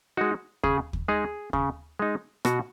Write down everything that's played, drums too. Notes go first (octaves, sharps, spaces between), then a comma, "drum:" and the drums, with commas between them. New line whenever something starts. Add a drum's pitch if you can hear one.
G#3 D#4 F#4
C#3 G#4, drum: kick
drum: kick
G#3 D#4 G#4
C#3, drum: kick
G#3 D#4
B2 F#4, drum: rim click